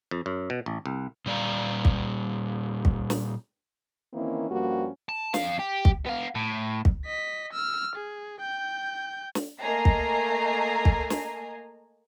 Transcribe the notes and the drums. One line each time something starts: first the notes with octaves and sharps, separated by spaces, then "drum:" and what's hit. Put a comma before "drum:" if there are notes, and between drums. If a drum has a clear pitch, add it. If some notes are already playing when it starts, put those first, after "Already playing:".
F2
F#2
B2
A1
C2
A#2 G3 D5 F5 A#5
drum: kick
drum: kick
drum: snare
D#3 E3 A#3 C4 C#4 E4
G2 F3 G3 A#3 C#4 F#4
A5
F2 F5, drum: snare
G4
drum: kick
B3 F5
A2
drum: kick
D#5 B6
E6 F6
G#4
G5 G6
drum: snare
A3 A#3 D#5 G#5 A#5 C7
drum: kick
drum: kick
drum: snare